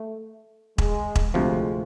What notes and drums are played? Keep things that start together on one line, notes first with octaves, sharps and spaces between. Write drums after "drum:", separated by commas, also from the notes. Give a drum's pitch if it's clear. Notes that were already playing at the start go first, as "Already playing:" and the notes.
Already playing: A3
G#3, drum: kick E1
drum: kick E1
D2 C3 F3 G#3